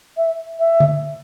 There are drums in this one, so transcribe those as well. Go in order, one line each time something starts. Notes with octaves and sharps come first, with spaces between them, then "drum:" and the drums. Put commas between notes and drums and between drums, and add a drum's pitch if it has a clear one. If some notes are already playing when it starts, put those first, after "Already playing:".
E5
E5
drum: tom D3